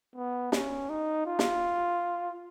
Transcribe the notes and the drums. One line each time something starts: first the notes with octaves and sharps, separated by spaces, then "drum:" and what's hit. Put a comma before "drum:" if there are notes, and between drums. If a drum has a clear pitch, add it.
B3
C#4, drum: snare
D#4
F4
drum: snare